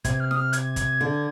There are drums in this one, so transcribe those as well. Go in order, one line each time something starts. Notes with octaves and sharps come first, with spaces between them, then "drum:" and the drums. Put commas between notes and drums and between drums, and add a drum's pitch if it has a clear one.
C3 G#6, drum: kick, hi-hat
F6
D#6, drum: snare
F6
G#6, drum: hi-hat
drum: kick, hi-hat
D3